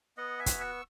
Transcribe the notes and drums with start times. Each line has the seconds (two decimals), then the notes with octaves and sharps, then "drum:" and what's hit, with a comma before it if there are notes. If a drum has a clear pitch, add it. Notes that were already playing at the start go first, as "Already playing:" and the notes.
0.17 B3 D#5 F#5
0.39 E5 G#5
0.46 F#4, drum: kick, hi-hat
0.61 C#6 E6